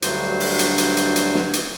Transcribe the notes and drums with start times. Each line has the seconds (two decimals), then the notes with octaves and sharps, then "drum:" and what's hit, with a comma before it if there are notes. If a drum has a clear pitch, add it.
0.02 D2 G2 F#3 C5, drum: hi-hat
0.40 drum: open hi-hat
0.59 drum: hi-hat
0.78 drum: hi-hat
0.97 drum: hi-hat
1.16 drum: hi-hat
1.35 drum: snare
1.53 drum: hi-hat